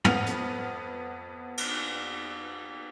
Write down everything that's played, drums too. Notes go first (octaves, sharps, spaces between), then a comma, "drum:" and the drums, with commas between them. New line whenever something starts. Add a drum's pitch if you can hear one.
F2 B3 F6 F7, drum: tom
drum: hi-hat
drum: cymbal